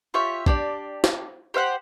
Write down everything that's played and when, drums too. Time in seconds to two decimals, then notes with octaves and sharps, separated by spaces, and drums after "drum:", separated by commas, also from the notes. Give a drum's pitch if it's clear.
0.14 F4 G4 C#5 E5
0.46 D4 G4 D5, drum: kick
1.04 drum: snare
1.54 G4 C5 F5 F#5